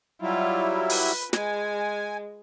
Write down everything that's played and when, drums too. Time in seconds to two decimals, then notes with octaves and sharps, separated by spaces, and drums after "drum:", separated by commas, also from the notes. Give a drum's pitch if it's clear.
0.22 F#3 G3 E4 F4
0.90 B4, drum: open hi-hat
1.33 G#3 G#5, drum: snare